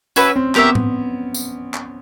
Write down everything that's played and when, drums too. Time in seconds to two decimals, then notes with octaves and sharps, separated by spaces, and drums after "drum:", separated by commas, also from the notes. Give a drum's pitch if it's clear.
0.16 C#4 F#4 B4 E5 G#5, drum: tambourine
0.36 C4
0.55 B3 G4 A#4 C#5 E5, drum: clap
0.75 drum: tom
1.34 drum: tambourine
1.74 drum: clap